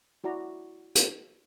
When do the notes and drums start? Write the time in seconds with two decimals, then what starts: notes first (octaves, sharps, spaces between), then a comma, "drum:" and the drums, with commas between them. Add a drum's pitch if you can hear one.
0.24 E4 F#4 D5 A#5
0.95 drum: hi-hat